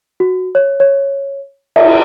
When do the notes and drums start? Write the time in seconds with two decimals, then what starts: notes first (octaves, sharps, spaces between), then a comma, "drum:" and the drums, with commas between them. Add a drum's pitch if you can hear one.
0.20 F#4
0.55 C#5
0.80 C#5
1.76 E5, drum: cymbal